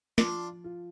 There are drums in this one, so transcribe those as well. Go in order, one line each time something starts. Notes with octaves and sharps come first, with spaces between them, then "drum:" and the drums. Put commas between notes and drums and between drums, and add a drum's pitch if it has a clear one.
F3 D4 F4, drum: snare
F4